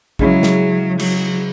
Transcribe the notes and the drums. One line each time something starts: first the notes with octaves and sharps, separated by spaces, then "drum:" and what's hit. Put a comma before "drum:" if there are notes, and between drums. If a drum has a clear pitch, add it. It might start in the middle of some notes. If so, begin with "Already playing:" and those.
C#3 F#3 G#3 C#4 E4, drum: kick
drum: snare
F#3, drum: cymbal